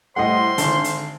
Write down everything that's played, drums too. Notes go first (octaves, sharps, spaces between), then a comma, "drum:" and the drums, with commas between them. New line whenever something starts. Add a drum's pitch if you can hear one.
A2 G3 A3 C5 D#5 F#5 C6
G#1 D3, drum: hi-hat
drum: hi-hat